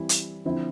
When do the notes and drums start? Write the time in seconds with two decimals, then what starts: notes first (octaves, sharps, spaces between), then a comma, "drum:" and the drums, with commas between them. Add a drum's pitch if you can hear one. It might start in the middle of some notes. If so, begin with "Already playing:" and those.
Already playing: E3 G3 C4 E4
0.09 drum: hi-hat
0.45 D3 F3 C4 E4